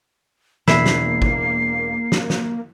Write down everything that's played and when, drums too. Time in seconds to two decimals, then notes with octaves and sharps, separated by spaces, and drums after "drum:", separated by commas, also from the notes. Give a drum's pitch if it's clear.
0.68 E1 A#3 E4 C7, drum: snare
0.86 drum: snare
1.22 drum: kick G#1
2.12 drum: snare
2.30 drum: snare